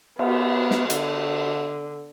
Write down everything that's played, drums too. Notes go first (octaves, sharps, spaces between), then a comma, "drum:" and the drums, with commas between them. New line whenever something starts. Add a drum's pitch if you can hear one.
B3, drum: cymbal
drum: snare
D3, drum: hi-hat